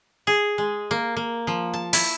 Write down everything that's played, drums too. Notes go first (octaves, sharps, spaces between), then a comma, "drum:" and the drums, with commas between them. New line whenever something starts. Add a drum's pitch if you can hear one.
G#4
G#3
A#3
A#3
F3
A5
E4, drum: open hi-hat